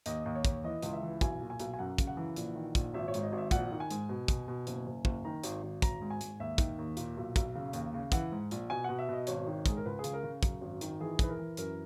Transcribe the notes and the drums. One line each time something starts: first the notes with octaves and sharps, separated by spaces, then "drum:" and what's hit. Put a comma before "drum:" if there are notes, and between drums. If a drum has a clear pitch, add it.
D#2 D#5, drum: hi-hat
D#2
C#5
D#2, drum: kick, hi-hat
E3 D#5
C#2, drum: hi-hat
E5
E3
B1 G#5, drum: kick, hi-hat
A#2
G#5
B1, drum: hi-hat
G#5
F#2 F#5
C#3, drum: kick, hi-hat
F#5
E3
A#1, drum: hi-hat
D#3
A#1, drum: kick, hi-hat
G#1 E5
C#5
G#2, drum: hi-hat
D#5
G#1
E5
A#1 F#5, drum: kick, hi-hat
D#3
G#5
G#2, drum: hi-hat
B2
B2, drum: kick, hi-hat
B2
F#1, drum: hi-hat
F#1
F#1, drum: kick
D#3 A#5
G#1, drum: hi-hat
G#1
G#1 A#5, drum: kick, hi-hat
G#2
G#5
G#2, drum: hi-hat
D#2 E5
D#3, drum: kick, hi-hat
D#2
A#2, drum: hi-hat
B1
B1, drum: kick, hi-hat
C#3
D#2, drum: hi-hat
C#3
E3 F#5, drum: kick, hi-hat
G#2
A#1, drum: hi-hat
B2 G#5
B2 F#5
E5
B2 D#5
G#1 C#5, drum: hi-hat
D#3
G#2 G#4, drum: kick, hi-hat
A#4
C#2 B4
G#4
C#3, drum: hi-hat
A#4
C#3
F#2, drum: kick, hi-hat
G#1
D#3, drum: hi-hat
E3 G#4
E3 B4, drum: kick, hi-hat
A#4
E3
F#2 A#4, drum: hi-hat